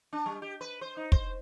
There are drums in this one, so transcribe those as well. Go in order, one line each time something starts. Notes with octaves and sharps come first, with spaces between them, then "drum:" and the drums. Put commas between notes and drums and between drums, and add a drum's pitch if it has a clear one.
D4
G3
G4
B4
C5
D#4
C5, drum: kick